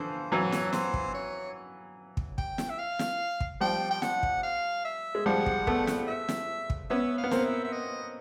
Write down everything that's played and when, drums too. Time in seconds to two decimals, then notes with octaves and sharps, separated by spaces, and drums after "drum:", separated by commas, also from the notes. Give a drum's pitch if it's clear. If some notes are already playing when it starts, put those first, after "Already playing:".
Already playing: D3 E3 F3 C5
0.31 E3 F#3 C#5
0.52 drum: snare
0.73 C5, drum: snare
0.94 drum: kick
1.15 C#5
2.17 drum: kick
2.38 G5, drum: kick
2.58 drum: snare
2.70 E5
2.79 F5
2.99 drum: snare
3.40 drum: kick
3.60 F3 G3 G5
3.91 G5
4.02 F#5, drum: snare
4.23 drum: kick
4.43 F5
4.85 E5
5.15 G#3
5.26 F3 G3 F#5
5.46 drum: kick
5.67 A3 B3, drum: kick
5.87 drum: snare
6.08 E5
6.29 drum: snare
6.70 drum: kick
6.90 B3 C#4 E5
7.18 F5
7.24 B3
7.31 A#3 C4, drum: snare
7.45 E5
7.65 E5
7.73 D#5